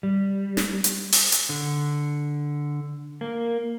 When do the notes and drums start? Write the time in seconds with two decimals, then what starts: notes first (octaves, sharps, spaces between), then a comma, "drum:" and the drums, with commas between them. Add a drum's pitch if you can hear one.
0.03 G3
0.57 drum: snare
0.84 drum: hi-hat
1.12 drum: open hi-hat
1.32 drum: hi-hat
1.49 D3
3.21 A#3